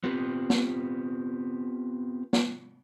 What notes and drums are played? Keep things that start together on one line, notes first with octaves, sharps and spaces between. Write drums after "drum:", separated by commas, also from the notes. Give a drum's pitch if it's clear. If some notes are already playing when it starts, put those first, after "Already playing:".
B3 C4 F4 G4 B4
drum: snare B3
drum: snare B3